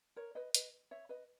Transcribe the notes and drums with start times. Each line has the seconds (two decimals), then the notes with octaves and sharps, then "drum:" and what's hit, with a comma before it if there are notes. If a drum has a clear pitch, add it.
0.16 A#4 C#5
0.35 B4 D#5
0.55 B4 D#5, drum: hi-hat
0.91 C#5 E5
1.09 B4 D#5